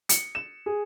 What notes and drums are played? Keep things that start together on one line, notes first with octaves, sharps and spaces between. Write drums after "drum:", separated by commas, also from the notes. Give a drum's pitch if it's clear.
C#7, drum: hi-hat
E7
G#4